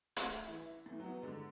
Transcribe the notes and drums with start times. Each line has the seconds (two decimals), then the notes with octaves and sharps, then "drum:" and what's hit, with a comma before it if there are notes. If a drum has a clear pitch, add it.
0.16 A3, drum: hi-hat
0.47 E3 E4
0.86 A2 E3
1.00 F#3 B3
1.22 D3 G#3